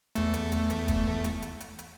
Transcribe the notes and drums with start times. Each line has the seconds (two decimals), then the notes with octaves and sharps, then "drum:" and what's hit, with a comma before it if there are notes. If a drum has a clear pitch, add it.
0.15 E2 A3, drum: hi-hat
0.34 drum: hi-hat
0.52 drum: hi-hat
0.70 drum: hi-hat
0.88 drum: kick, hi-hat
1.24 drum: hi-hat
1.42 drum: hi-hat
1.60 drum: hi-hat
1.79 drum: hi-hat